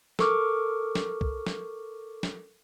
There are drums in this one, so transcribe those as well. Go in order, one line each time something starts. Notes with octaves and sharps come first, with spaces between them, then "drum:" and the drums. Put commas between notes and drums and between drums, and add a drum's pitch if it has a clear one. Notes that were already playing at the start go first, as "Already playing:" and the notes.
A4 A#4 C#6 D6 F6, drum: snare
drum: snare
drum: kick
drum: snare
drum: snare